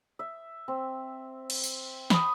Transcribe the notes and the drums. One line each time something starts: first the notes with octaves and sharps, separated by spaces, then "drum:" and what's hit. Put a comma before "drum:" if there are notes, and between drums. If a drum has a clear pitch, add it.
E5
C4
drum: cymbal
drum: tambourine
B5 D#6, drum: snare